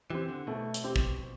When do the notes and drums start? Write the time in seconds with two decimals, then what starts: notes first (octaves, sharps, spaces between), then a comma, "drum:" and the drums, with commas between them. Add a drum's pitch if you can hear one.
0.10 E3 C4 G4
0.29 D3
0.47 B2 A3
0.74 drum: hi-hat
0.84 C4 G4
0.96 drum: kick